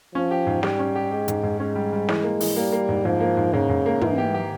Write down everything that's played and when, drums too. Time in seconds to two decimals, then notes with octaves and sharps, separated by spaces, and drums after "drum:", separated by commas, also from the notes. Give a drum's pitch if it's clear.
0.14 F3 C#4
0.31 G4
0.47 G#2
0.63 G3 G4, drum: snare
0.79 C#4
0.95 G4
1.11 G#3 G4
1.28 G#2, drum: hi-hat
1.43 G#2
1.60 G#3 C#4
1.75 G3
1.93 G3
2.09 E3, drum: snare
2.24 A#3
2.40 E3, drum: open hi-hat
2.57 G3 A#3
2.73 A#3
2.89 G#2
3.05 G#2 F3
3.21 A#3
3.37 G#2
3.53 G#2 C#3
3.69 G#2
3.86 A#3
4.01 G#2 E3, drum: tom
4.18 G4
4.34 G4